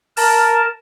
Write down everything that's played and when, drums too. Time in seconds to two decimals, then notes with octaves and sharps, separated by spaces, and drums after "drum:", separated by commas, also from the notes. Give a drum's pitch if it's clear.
0.17 A#4 A5, drum: open hi-hat